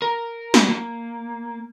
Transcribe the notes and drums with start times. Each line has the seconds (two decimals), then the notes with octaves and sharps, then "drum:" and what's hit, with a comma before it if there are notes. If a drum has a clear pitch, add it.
0.02 A#4
0.54 drum: snare
0.68 A#3